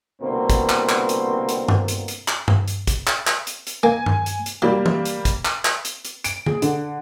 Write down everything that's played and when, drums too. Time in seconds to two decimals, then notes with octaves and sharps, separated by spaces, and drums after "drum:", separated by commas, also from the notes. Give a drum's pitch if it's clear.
0.21 C2 B2 D3 A#3 C4
0.50 drum: kick, hi-hat
0.69 drum: clap
0.89 drum: clap
1.09 drum: hi-hat
1.49 drum: hi-hat
1.68 drum: tom G2
1.88 drum: hi-hat
2.08 drum: hi-hat
2.28 drum: clap
2.48 drum: tom G2
2.68 drum: hi-hat
2.87 drum: kick, hi-hat
3.07 drum: clap
3.27 drum: clap
3.47 drum: hi-hat
3.67 drum: hi-hat
3.83 A#3 G#5
4.06 drum: tom G2
4.26 drum: hi-hat
4.46 drum: hi-hat
4.62 F#3 G3 A#3
4.86 drum: tom E3
5.05 drum: hi-hat
5.25 drum: kick, hi-hat
5.45 drum: clap
5.65 drum: clap
5.85 drum: hi-hat
6.05 drum: hi-hat
6.24 D7, drum: hi-hat
6.46 G#4, drum: tom D3
6.62 D3, drum: hi-hat